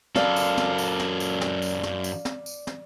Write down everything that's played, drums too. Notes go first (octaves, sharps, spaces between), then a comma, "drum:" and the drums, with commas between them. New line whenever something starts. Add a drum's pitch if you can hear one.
F#2 A4 D5 F5, drum: snare
drum: tambourine
drum: snare
drum: tambourine
drum: snare
drum: tambourine
drum: snare
drum: tambourine
drum: snare
drum: tambourine
drum: snare
drum: tambourine
drum: snare